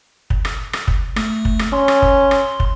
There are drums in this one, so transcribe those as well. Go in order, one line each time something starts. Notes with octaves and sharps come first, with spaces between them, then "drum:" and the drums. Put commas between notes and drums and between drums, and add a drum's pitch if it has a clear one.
drum: kick
drum: rim click
drum: rim click
drum: kick
A3, drum: rim click
drum: kick
drum: rim click
C#4 C6
drum: rim click
drum: kick
drum: rim click
drum: kick